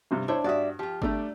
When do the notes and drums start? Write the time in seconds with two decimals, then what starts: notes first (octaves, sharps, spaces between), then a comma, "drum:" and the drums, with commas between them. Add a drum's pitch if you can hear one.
0.11 G2 C3 G3
0.28 D4 E4 C5 C#5
0.44 G2 F#4 D5 E5 D#6
0.79 F3 F4 G4
1.02 G3 A3 D4 A#5, drum: kick G1